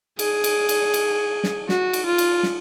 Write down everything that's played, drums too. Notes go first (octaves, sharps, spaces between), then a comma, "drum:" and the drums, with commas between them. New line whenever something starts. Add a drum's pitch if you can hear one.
G#4, drum: cymbal
drum: cymbal
drum: cymbal
drum: cymbal
drum: snare
F#4, drum: snare
drum: cymbal
F4
drum: cymbal
drum: snare